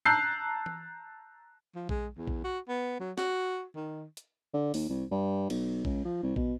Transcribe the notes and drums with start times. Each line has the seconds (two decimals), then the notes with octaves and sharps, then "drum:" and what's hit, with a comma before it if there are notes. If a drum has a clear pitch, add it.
0.05 A5 A#5 E6 F#6 G6 C7
0.66 drum: tom E3
1.75 F3
1.89 G#3, drum: kick A#1
2.17 E2
2.27 drum: kick A#1
2.44 F#4
2.68 B3
3.00 F#3
3.18 F#4, drum: snare
3.75 D#3
4.17 drum: hi-hat
4.54 D3
4.74 D#2, drum: open hi-hat
4.89 C2
5.11 G2
5.50 B1, drum: cymbal
5.85 C#2, drum: kick A#1
6.05 F3
6.23 C2
6.36 B2, drum: kick A#1